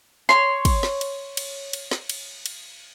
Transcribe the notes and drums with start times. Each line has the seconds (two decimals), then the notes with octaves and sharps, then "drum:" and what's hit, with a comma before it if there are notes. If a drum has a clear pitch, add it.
0.29 C#5 C6, drum: snare
0.65 drum: kick, cymbal
0.83 drum: snare
1.01 drum: cymbal
1.37 drum: cymbal
1.73 drum: cymbal
1.91 drum: snare
2.09 drum: cymbal
2.46 drum: cymbal